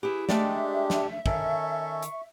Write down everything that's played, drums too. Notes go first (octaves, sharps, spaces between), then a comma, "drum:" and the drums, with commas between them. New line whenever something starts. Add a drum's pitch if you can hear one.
E4 G4 G#4 B4
G#3 A3 D4 G4 D5 E5 G5, drum: snare
drum: snare
D#3 C#4 A4 C#6, drum: kick
drum: hi-hat